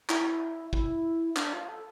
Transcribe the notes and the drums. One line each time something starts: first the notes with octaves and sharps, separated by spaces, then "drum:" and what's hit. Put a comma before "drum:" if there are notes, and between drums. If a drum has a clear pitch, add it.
E4, drum: clap
E4, drum: kick
D4, drum: clap
F4
A4